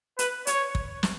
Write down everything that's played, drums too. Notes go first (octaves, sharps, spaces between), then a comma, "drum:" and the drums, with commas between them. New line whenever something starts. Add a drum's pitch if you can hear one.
B4, drum: hi-hat
C#5, drum: hi-hat
drum: kick
drum: snare